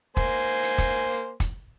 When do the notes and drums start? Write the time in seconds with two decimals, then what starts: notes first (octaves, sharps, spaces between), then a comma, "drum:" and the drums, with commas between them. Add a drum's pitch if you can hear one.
0.17 A#3 C5 G#5, drum: kick
0.63 drum: hi-hat
0.78 drum: kick, hi-hat
1.40 drum: kick, hi-hat